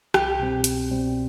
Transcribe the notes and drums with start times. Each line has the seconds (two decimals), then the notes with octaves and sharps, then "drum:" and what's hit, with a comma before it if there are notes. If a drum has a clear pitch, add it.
0.14 C2 G4, drum: rim click
0.40 B2 G3 C4
0.64 C2, drum: hi-hat
0.90 B2 G3 C4